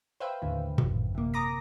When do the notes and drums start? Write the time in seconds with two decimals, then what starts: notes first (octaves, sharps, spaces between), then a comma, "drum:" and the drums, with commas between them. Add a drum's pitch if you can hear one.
0.20 B4 C5 E5 F5 G5
0.42 D#2 A2 D3 E3
0.78 G#1 F#2, drum: tom A2
1.15 C3 A#3
1.34 A#5 D6 D#6 A#6